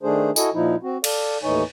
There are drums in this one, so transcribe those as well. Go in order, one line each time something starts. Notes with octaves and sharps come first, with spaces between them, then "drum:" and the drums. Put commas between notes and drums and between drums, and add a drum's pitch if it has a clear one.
D#3 A3 D4 G#4 C5
E4 F#4 A4 D#5 G#5, drum: tambourine
A#2 F3 D#4 E4
C4 F#4
A4 D5 F5, drum: cymbal
D#2 A2 E3 D#4 C#5 G#5